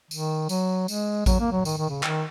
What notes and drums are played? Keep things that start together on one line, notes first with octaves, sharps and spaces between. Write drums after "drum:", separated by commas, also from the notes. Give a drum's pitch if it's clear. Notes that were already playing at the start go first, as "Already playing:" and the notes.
D#3, drum: tambourine
F#3, drum: tambourine
G#3, drum: tambourine
F#3, drum: kick A1, tambourine
A#3
F#3
D#3, drum: tambourine
D#3
C#3
D#3, drum: clap